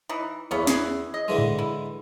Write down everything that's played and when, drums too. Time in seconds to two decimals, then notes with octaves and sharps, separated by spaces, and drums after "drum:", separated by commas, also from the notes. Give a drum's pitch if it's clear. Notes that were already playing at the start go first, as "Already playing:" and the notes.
0.09 E3 D#4
0.51 E2 A#3 B3 C#4
0.67 E3 G#4, drum: snare
1.14 D#5
1.28 D3 E3 G#3
1.38 drum: tom G#2
1.59 E4